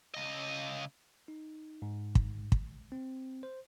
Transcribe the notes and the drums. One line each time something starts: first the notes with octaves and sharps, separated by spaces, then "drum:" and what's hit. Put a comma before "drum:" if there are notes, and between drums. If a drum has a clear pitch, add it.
C#3 D#5
D#4
G#2
drum: kick
drum: kick
C4
C5